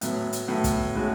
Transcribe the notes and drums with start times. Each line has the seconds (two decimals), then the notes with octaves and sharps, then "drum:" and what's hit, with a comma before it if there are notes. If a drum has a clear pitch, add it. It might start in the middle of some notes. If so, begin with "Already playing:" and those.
0.01 A2 F#3 B3, drum: hi-hat
0.33 drum: hi-hat
0.48 A2 F#3 B3
0.64 drum: kick, hi-hat
0.95 A2 G#3 C#4 F#4